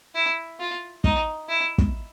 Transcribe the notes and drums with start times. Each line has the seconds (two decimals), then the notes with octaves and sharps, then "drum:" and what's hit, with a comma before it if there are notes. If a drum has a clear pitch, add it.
0.15 E4
0.60 F4
1.04 D#4, drum: kick
1.49 E4
1.78 drum: kick